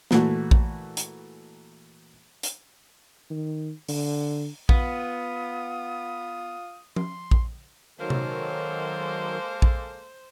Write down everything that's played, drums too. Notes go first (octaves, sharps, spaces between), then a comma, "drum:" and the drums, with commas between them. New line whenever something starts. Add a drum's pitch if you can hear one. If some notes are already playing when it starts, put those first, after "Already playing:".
A#2 E3 A3 F#4, drum: snare
drum: kick A#1
drum: hi-hat
drum: hi-hat
D#3
D3, drum: open hi-hat
B3 F4 D#6, drum: kick A#1
C6, drum: tom F3
drum: kick A#1
D#3 F#3 G#3 A#3 A4 C5
drum: tom C3
drum: kick A#1